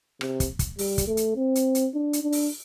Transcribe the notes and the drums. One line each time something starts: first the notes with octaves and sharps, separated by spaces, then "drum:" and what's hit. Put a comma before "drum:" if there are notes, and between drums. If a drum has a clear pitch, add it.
C3, drum: rim click
drum: kick, hi-hat
drum: kick, hi-hat
G3, drum: open hi-hat
drum: kick, hi-hat
A3
drum: hi-hat
C4
drum: hi-hat
drum: hi-hat
D4
drum: hi-hat
D4
drum: open hi-hat